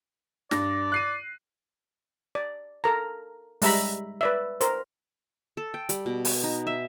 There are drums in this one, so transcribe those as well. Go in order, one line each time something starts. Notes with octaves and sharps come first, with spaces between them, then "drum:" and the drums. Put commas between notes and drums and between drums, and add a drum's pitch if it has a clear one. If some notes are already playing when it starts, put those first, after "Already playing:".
G2 D5 A#6, drum: snare
F#6 C7 D#7
D5
A4 A#4 A#5
G3 G#3 E5 A#5 B5, drum: open hi-hat
B4 D5 E5
A#4 C5, drum: hi-hat
A4
G5
G3, drum: hi-hat
B2
G#5, drum: open hi-hat
D#4
E5